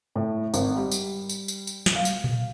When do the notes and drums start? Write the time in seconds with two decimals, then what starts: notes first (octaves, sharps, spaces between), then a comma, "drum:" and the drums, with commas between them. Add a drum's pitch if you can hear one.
0.16 A2
0.54 G#1, drum: tambourine
0.76 G3
0.92 drum: tambourine
1.29 drum: tambourine
1.48 drum: tambourine
1.67 drum: tambourine
1.86 drum: snare
1.95 F5
2.05 drum: tambourine
2.24 drum: tom A#2